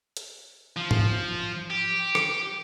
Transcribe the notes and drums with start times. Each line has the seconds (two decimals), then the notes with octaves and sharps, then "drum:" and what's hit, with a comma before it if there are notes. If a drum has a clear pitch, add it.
0.17 drum: hi-hat
0.77 F3
0.91 drum: tom G#2
1.71 G4
2.15 drum: rim click